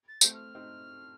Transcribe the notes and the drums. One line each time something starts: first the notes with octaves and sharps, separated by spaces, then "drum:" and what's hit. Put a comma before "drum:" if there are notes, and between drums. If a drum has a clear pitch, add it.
A6
A3 C4 G6, drum: tambourine
F6
C4 D#4